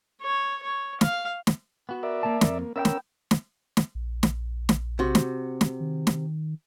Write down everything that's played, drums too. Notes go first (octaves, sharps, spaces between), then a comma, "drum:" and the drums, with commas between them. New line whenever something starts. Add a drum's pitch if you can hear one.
C#5
C#5
F5, drum: snare
drum: snare
B3 F#4
A#4 D5 E5
A#3 A5
F2, drum: snare
A#3
B3 C#4 A#4 E5 G5 E6
drum: snare
drum: snare
drum: snare
A#1
drum: snare
drum: snare
C3 F#4
drum: snare
drum: snare
D#3
drum: snare